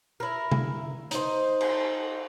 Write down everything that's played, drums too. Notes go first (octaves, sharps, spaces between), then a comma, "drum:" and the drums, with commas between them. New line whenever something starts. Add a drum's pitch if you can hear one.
E4 A#4
drum: tom C3
D#4 C5, drum: hi-hat
drum: cymbal